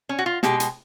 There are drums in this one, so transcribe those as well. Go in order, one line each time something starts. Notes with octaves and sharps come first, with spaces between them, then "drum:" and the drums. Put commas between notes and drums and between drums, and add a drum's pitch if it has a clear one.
C#4
F#4
F4
B2 G#3 G4, drum: snare
drum: hi-hat